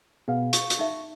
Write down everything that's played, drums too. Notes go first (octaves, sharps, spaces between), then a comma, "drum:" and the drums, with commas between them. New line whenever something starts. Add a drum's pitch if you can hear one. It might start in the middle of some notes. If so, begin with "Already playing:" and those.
B2 B3 G#4 F5
C#6, drum: hi-hat
drum: hi-hat
D#4 E5